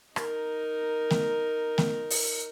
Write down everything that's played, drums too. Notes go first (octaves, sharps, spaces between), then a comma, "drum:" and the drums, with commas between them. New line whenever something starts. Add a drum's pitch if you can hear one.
D#4 A#4, drum: rim click
drum: snare A3
drum: snare A3
drum: open hi-hat